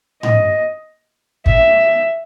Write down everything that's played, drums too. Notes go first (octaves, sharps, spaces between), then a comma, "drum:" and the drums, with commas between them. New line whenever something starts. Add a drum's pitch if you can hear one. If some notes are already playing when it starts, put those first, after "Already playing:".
D#5, drum: tom G#2
E5, drum: kick